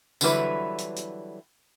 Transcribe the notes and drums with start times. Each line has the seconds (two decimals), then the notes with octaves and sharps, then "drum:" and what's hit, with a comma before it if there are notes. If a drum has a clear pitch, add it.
0.21 D3 E3 F#3 G3 E4 B4, drum: tambourine
0.78 drum: hi-hat
0.96 drum: hi-hat